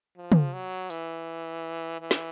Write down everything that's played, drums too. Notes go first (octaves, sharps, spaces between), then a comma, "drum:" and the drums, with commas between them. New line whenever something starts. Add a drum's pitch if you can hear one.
F3
drum: tom
F#3
E3, drum: hi-hat
E3
drum: snare